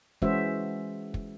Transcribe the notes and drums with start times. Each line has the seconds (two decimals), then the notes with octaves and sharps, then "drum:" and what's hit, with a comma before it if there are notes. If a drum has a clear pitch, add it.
0.22 E3 G#3 C#4 F#4 C5 E5, drum: kick
1.14 drum: kick